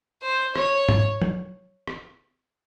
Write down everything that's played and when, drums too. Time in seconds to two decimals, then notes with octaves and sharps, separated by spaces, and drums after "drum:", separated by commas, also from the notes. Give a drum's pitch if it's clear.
0.22 C5
0.56 C#5, drum: rim click
0.89 drum: tom
1.22 drum: tom
1.87 drum: rim click